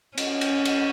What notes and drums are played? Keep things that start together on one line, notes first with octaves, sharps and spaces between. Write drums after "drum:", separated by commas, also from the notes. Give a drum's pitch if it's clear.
C#4, drum: cymbal
drum: cymbal
drum: cymbal